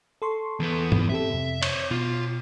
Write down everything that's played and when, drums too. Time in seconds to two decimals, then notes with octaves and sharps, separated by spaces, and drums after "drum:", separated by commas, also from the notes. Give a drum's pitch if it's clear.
0.22 A4 C6 C#6
0.60 E2 B3
0.92 drum: tom
1.09 C4 G4 A4 E5
1.30 F2 C3
1.63 C5 C#5, drum: cymbal
1.91 B2 F4